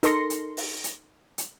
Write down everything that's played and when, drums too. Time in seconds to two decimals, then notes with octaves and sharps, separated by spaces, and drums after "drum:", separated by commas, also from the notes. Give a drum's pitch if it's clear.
0.03 D#4 A4 A#4 C6 A#6 C#7, drum: hi-hat
0.30 drum: hi-hat
0.57 drum: open hi-hat
0.84 drum: hi-hat
1.38 drum: hi-hat